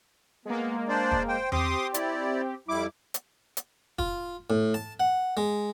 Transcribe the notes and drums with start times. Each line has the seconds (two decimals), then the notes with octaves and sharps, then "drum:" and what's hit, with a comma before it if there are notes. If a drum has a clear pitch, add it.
0.45 G#3 A#3 B3
0.89 D4 C5 D5
1.12 drum: kick
1.28 C5 G5
1.52 C4 G4 C6 D6 D#6, drum: tom E2
1.94 E4 D5, drum: hi-hat
2.68 F2 G3 E4 D6
3.14 drum: hi-hat
3.57 drum: hi-hat
3.99 F4, drum: kick
4.50 A2
4.74 A5
5.00 F#5
5.37 G#3